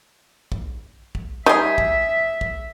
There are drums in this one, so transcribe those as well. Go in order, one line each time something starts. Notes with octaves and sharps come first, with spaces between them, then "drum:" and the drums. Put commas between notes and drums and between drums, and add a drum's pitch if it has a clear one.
drum: kick
drum: kick
G3 D#4 G#4 E5
drum: kick
drum: kick